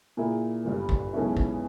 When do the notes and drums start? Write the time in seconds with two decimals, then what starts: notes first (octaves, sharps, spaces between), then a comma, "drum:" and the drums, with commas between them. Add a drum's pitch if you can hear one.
0.17 A#2 A#3 E4 G#4
0.65 G1 G2 G3
0.89 drum: kick
1.13 B1 B2 G#3 C#4 E4
1.37 drum: kick